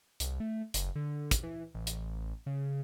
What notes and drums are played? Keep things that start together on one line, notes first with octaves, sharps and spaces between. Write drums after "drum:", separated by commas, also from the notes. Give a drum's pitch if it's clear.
C2, drum: hi-hat
A3
F#1, drum: hi-hat
D3
drum: kick, hi-hat
E3
A1
drum: hi-hat
C#3